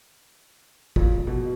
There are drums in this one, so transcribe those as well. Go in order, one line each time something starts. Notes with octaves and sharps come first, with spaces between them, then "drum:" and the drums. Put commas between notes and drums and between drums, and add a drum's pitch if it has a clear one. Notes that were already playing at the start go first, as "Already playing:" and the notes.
A#2, drum: kick G#1
B2